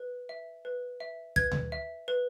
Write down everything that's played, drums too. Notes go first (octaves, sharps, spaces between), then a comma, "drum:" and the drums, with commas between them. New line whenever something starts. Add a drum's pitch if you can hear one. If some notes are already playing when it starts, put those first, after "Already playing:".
Already playing: B4
E5
B4
E5
B4 G#6, drum: kick
drum: tom D#2
E5
B4